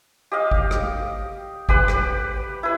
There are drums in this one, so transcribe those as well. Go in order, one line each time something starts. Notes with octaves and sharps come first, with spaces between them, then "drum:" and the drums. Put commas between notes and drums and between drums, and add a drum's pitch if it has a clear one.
G4 D#5 F5
drum: kick G#1
drum: rim click
G4 B4 F#5, drum: kick G#1
drum: rim click
E4 B4